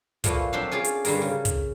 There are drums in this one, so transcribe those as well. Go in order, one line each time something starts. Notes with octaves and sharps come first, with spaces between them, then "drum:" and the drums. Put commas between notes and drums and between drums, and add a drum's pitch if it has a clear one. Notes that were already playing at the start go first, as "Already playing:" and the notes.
A#2 F3 A3 B3 F4 F#4, drum: kick, hi-hat
F#3 C4 D4 C5 E5 F5
C#4 F4 G#4 D5 F5
drum: hi-hat
G2 D3 G3 G#4 A#4, drum: open hi-hat
C#3
drum: kick, hi-hat